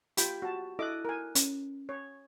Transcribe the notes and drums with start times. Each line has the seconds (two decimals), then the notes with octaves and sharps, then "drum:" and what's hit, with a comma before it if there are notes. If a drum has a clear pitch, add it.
0.17 F4 G4 G5 B5, drum: hi-hat
0.42 F#4 A5
0.79 E4 A4 D#5 D6 F#6
1.05 A#4 G#5
1.35 C#4, drum: hi-hat
1.89 C#5